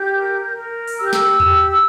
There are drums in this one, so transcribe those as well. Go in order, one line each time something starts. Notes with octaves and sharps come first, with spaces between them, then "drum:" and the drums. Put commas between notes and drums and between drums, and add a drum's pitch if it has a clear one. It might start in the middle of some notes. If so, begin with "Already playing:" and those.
Already playing: G4 G6
A#4
A#4
drum: open hi-hat
G4 E6
G6
E6, drum: snare
G4, drum: tom E2